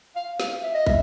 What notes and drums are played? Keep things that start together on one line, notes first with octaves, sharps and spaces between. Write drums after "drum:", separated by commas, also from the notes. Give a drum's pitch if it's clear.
F5
F5, drum: snare
E5
D#5
E5, drum: kick